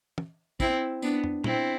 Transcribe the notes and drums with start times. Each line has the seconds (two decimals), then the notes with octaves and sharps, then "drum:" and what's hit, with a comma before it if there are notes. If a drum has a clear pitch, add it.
0.18 drum: tom
0.60 C4 E4, drum: kick, tambourine
1.02 B3 D4, drum: tambourine
1.24 drum: tom
1.44 C4 E4, drum: tom